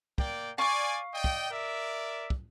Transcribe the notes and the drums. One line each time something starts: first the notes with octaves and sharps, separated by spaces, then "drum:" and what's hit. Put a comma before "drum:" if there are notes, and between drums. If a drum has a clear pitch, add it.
A#3 D5 G5, drum: kick
D5 F5 G#5 C#6
D5 D#5 G5
drum: kick
A#4 D5 E5
drum: kick